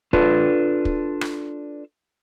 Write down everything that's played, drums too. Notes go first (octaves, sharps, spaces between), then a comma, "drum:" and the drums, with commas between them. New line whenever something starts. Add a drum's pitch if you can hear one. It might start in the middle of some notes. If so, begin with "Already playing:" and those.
D4 F4 A4 B4, drum: kick
drum: kick
drum: rim click